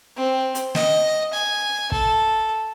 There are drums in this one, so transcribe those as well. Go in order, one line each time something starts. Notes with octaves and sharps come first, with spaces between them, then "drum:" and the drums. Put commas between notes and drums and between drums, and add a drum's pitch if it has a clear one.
C4
drum: hi-hat
D#5, drum: snare
G#5
A4, drum: kick